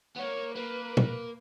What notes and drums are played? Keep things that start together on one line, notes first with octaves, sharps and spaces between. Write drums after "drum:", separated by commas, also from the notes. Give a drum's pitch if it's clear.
B3
A#3 C#5
A#3 B4
drum: tom